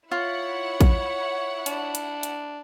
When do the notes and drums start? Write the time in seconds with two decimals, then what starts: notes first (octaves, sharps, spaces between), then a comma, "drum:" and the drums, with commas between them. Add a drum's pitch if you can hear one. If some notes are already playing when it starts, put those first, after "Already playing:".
0.11 E4 F4 C#5 F#5
0.81 drum: kick A#1, hi-hat
1.66 D4, drum: hi-hat
1.95 drum: hi-hat
2.23 drum: hi-hat